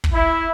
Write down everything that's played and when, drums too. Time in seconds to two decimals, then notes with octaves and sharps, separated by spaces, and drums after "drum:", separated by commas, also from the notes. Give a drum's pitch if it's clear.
0.04 drum: kick
0.14 E4